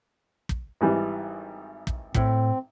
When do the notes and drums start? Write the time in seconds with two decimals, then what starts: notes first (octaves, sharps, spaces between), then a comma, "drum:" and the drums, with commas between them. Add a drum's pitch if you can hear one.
0.49 drum: kick
0.81 G#1 E3 G3
1.87 drum: kick
2.15 A2 C4, drum: kick